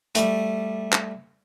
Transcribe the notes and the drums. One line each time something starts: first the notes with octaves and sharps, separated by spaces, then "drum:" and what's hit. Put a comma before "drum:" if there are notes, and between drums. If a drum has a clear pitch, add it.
G3 A3, drum: hi-hat
drum: clap